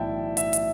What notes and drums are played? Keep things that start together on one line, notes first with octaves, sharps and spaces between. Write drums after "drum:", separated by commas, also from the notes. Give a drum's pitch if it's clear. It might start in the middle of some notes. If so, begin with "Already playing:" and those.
Already playing: B1 A2 E3 E4 D5 E5 G5 A5
E5, drum: hi-hat
drum: hi-hat